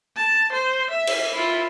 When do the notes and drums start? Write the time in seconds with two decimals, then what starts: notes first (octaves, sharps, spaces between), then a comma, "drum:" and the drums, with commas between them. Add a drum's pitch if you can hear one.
0.17 A5
0.53 C5
0.91 E5
1.07 drum: cymbal
1.33 E4 F4